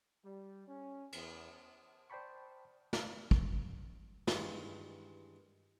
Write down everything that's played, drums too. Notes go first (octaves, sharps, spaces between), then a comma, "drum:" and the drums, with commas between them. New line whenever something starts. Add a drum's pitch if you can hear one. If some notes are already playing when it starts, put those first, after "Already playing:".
G3
C#4
E2, drum: cymbal
C5 D5 G5 A5 B5 C#6
B4 D5 F5, drum: snare
drum: kick
G2 D#3 E3 G#3 F4, drum: snare